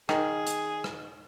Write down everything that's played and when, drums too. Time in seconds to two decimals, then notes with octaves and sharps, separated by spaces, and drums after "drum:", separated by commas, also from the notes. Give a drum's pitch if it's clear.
0.09 D#3 G#4, drum: rim click
0.47 drum: hi-hat
0.84 drum: rim click